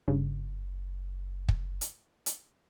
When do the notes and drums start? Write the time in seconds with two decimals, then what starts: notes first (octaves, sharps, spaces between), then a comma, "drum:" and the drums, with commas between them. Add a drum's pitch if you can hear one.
0.08 F#1 G2 C#3
1.49 drum: kick
1.81 drum: hi-hat
2.26 drum: hi-hat